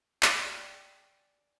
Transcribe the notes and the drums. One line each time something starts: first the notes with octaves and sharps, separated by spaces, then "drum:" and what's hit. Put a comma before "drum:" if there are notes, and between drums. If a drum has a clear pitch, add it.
D5 G5 G#5, drum: clap